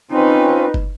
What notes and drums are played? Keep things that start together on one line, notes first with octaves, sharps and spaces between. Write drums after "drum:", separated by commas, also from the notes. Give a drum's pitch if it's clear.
C4 C#4 D#4 F4 B4
drum: kick